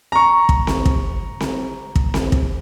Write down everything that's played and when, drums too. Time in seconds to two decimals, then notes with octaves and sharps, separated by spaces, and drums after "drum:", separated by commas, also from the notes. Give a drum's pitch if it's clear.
0.12 A#5 C#6
0.49 drum: kick
0.67 drum: snare C4
0.85 drum: kick
1.40 drum: snare C4
1.95 drum: kick
2.14 drum: snare C4
2.32 drum: kick